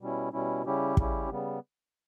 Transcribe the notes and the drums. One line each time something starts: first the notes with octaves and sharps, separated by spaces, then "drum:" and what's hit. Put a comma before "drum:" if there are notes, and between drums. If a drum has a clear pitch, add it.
B2 G3 C#4 E4
B2 G3 C#4 E4
C#3 G3 C#4 E4 G4
C#3 G3 C#4 E4 G4, drum: kick
C#3 G3 B3